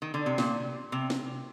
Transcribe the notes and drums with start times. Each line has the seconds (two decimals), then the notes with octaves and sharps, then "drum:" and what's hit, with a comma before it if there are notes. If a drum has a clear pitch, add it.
0.02 D#3
0.14 D3
0.26 C3
0.38 A#2, drum: snare
0.92 C3
1.10 drum: snare